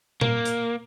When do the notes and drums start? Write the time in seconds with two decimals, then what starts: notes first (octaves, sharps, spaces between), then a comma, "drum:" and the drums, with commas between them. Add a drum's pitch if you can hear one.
0.21 A#3, drum: tom A#2
0.45 drum: hi-hat